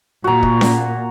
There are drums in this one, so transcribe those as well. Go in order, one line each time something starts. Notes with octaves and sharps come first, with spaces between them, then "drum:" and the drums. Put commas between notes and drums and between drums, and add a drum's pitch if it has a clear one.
A#2 F#4 A#5
drum: kick
drum: snare C#4